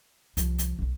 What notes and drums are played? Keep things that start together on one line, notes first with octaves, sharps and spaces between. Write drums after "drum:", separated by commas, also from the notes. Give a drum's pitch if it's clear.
C2 F3, drum: hi-hat
drum: hi-hat
D#1 B1